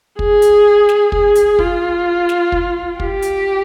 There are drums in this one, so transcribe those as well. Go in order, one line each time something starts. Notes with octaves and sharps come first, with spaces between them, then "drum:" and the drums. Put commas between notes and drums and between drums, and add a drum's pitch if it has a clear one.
G#4, drum: kick
drum: hi-hat
drum: snare
G#4, drum: kick
drum: hi-hat
F4, drum: kick
drum: snare
drum: kick
G4, drum: kick
drum: hi-hat